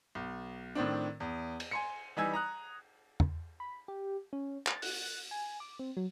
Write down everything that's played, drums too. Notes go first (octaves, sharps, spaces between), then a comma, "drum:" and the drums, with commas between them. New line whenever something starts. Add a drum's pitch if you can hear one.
B1
A2 D#3 C4 D4
E2
drum: cymbal
G#5 C6 C#7
E3 G3 D#4 G#5 E6 G#6
A#5 D#6 F#6
drum: tom E2
B5
G4
C#4
A6, drum: clap
F#6, drum: open hi-hat
G#5
D6
C4
F#3